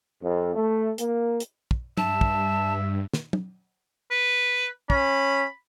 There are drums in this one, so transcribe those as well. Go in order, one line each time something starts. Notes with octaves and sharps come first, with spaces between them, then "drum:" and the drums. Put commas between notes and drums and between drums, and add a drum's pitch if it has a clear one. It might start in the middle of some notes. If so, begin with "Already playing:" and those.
F2
A3
A#3, drum: hi-hat
drum: hi-hat
drum: kick
G2 E5 A5, drum: tom
drum: kick
drum: snare
drum: tom
B4
C#4 B5, drum: kick